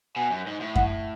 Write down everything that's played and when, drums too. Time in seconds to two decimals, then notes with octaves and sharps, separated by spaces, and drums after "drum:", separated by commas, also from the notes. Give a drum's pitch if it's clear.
0.16 B2 G#5
0.31 F#2
0.47 G#2
0.60 A2
0.75 F#5, drum: kick F#2